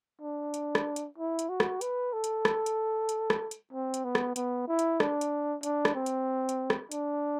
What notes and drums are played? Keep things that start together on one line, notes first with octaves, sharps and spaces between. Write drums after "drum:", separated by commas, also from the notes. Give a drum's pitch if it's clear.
D4
drum: hi-hat
drum: rim click
drum: hi-hat
E4
drum: hi-hat
F#4
drum: rim click
B4, drum: hi-hat
A4
drum: hi-hat
drum: rim click
drum: hi-hat
drum: hi-hat
drum: rim click
drum: hi-hat
C4
drum: hi-hat
B3
drum: rim click
B3, drum: hi-hat
E4
drum: hi-hat
D4, drum: rim click
drum: hi-hat
D4, drum: hi-hat
drum: rim click
C4
drum: hi-hat
drum: hi-hat
drum: rim click
D4, drum: hi-hat